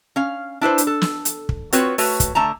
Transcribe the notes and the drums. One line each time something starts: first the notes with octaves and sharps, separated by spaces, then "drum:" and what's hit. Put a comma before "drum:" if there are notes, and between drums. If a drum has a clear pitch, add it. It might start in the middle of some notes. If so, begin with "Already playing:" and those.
C#4 F5
D4 E4 B4 C5
drum: hi-hat
A4
drum: snare
drum: hi-hat
drum: kick
C4 F4 F#4 B4 C#5, drum: hi-hat
A3 F#4 B4 C#5, drum: open hi-hat
drum: kick, hi-hat
D3 A3 A5 A#5